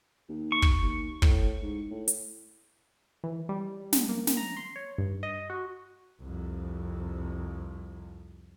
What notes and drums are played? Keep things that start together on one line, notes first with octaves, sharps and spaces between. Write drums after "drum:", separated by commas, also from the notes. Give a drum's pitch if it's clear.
D#2
C#6
drum: kick
D#2
A2, drum: kick
G#2
A2
drum: hi-hat
E3
G3
drum: snare
A#3
drum: snare
A#5
C6
C#5
G2
D#5
F#4
C2 F2